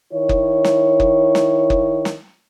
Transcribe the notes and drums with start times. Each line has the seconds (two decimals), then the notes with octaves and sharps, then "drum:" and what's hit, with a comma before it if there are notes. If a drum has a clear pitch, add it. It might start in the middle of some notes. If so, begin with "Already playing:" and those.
0.12 D#3 E4 C#5
0.29 drum: kick F#1
0.64 drum: snare
1.00 drum: kick F#1
1.35 drum: snare
1.70 drum: kick F#1
2.05 drum: snare